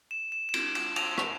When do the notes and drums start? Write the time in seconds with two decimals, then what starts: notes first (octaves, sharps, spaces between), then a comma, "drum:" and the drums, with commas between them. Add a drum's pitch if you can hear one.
0.11 E7
0.32 E7
0.49 E7
0.54 D7, drum: cymbal
0.75 E7, drum: cymbal
0.96 F7, drum: cymbal
1.18 F7, drum: rim click